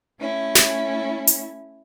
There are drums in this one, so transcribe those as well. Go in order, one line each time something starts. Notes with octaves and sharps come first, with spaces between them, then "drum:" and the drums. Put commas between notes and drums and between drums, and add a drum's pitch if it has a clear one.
A3 C#4 E4
drum: snare
drum: hi-hat